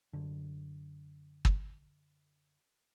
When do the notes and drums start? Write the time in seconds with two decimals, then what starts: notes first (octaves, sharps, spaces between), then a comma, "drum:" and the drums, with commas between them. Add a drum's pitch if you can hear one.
0.13 F#2 D3
1.45 drum: kick